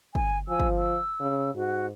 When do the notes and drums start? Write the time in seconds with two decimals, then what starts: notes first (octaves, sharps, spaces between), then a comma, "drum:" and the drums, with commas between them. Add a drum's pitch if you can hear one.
0.15 G#5, drum: kick
0.49 F3 G#5 E6
0.60 drum: kick
0.79 E6
1.20 C#3
1.55 G#2 F#4